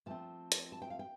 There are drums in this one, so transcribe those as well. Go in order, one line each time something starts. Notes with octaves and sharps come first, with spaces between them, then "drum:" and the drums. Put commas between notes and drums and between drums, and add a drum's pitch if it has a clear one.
A#2 F3 A3 C4 A5
drum: hi-hat
A5
G5
F5
G5